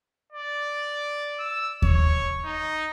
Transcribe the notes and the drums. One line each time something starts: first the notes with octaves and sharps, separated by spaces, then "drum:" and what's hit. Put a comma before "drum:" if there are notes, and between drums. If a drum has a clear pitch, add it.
D5
E6
C#5, drum: kick D#2
D#4